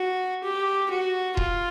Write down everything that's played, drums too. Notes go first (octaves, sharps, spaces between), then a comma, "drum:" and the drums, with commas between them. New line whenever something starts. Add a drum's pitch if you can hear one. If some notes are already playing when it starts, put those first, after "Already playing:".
Already playing: F#4
G4
F#4
F4, drum: kick D#1